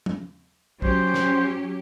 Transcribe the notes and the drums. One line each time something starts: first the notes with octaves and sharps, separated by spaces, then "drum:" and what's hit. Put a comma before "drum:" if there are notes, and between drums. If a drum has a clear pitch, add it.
drum: tom F3
F#3 C#4 G4 C5, drum: kick
drum: snare